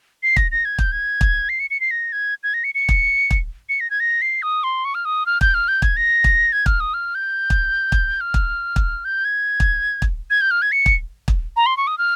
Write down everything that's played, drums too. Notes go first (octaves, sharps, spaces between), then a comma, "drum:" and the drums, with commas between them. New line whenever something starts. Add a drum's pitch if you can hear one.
C7
A#6, drum: kick
A#6
G#6
G6, drum: kick
G#6
drum: kick
C7
C#7
C#7
C7
A#6
G#6
G#6
A#6
C#7
C#7
drum: kick
drum: kick
C#7
A#6
G#6
A#6
C7
D#6
C6
C#6
F6
D#6
F6
G6, drum: kick
F6
G6
G#6, drum: kick
A#6
drum: kick
G#6
F6, drum: kick
D#6
F6
G6
drum: kick
drum: kick
F6
drum: kick
drum: kick
G6
G#6
drum: kick
drum: kick
G#6
G6
F6
G#6
C#7
drum: kick
drum: kick
A#5
C6
C#6
D#6
F6